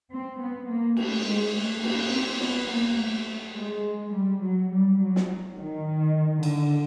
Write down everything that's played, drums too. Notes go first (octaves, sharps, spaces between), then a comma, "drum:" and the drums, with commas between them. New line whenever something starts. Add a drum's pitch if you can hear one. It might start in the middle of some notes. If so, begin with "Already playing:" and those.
C4
B3
A#3
A3, drum: cymbal
G#3
A3
A#3, drum: cymbal
C4
B3, drum: snare
A#3
A3
G#3
G3
F#3
G3
F#3
drum: snare
D#3
D3, drum: cymbal